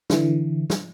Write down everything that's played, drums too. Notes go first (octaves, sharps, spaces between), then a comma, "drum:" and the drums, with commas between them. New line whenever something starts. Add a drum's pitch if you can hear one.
D3 E3, drum: snare
drum: snare